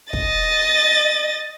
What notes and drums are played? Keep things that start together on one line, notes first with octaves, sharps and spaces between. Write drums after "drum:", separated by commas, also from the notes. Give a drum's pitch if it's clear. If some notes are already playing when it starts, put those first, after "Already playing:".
D#5 A6, drum: kick